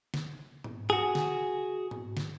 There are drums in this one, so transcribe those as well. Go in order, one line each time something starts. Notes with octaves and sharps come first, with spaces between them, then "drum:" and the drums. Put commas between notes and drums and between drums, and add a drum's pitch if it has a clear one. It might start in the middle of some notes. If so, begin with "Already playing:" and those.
drum: snare
drum: tom G#2
F#4 G#4
drum: snare
drum: tom G#2
drum: snare